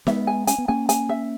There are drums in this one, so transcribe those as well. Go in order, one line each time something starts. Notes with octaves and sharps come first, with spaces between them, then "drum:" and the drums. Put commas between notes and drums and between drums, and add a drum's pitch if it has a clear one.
G#3 B3 E5, drum: snare
G#5
C#4 G#5, drum: hi-hat
B3
A#3 C#4 G#5
G#5, drum: hi-hat
E5